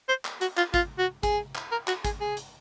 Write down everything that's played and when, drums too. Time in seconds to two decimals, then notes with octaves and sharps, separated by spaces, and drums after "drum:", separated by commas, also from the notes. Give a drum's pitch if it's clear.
0.09 C5
0.25 drum: clap
0.41 F#4, drum: hi-hat
0.57 F4, drum: clap
0.74 F4, drum: kick, hi-hat
0.99 F#4
1.23 G#4, drum: kick, hi-hat
1.55 drum: clap
1.71 A#4
1.88 F#4, drum: clap
2.05 G#4, drum: kick, hi-hat
2.21 G#4
2.37 drum: hi-hat